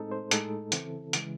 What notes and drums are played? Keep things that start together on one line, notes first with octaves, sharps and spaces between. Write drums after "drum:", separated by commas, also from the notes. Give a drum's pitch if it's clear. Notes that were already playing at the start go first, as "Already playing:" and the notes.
Already playing: A2 G#3 C4 D#4 A4
C5
A2 G#3 D#4 A4, drum: hi-hat
C#3 E3 C4 E4, drum: hi-hat
C#3 E3 G#3, drum: hi-hat